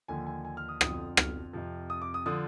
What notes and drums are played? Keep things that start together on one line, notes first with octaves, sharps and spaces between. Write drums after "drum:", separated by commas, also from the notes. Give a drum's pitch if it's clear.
D#2 D3 F3 G#5
G#5
G#5
F6
D#6
F2 D3 F3 D#6, drum: rim click
F6, drum: rim click
F2 C3 F3
D#6
D6
D#6
D3 F3 D#6